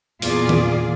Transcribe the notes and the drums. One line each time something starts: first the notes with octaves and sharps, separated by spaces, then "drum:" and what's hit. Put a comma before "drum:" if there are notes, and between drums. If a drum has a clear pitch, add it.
E2 A#2 F4 G#4 D5, drum: open hi-hat
drum: tom D#3